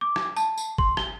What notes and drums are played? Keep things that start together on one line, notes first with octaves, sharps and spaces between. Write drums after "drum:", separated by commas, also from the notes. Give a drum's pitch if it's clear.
D6
drum: rim click
A5, drum: tambourine
drum: tambourine
C6, drum: kick
G7, drum: rim click